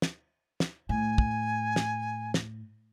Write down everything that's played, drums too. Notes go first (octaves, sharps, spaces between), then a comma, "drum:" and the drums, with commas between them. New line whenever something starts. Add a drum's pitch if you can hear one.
drum: snare
drum: snare
A2 G#5
drum: kick
drum: snare
drum: snare